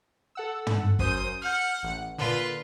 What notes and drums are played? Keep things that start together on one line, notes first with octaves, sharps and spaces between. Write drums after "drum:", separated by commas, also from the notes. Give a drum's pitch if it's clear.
A4 F#5 E6
drum: tom
F#2 C5 D#6 G6, drum: kick
F#5 F6 G6
A1
A#2 D3 F4 B4